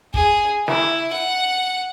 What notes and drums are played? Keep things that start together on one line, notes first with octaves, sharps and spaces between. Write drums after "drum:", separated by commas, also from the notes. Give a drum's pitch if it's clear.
G#4, drum: kick
E4, drum: snare
F#5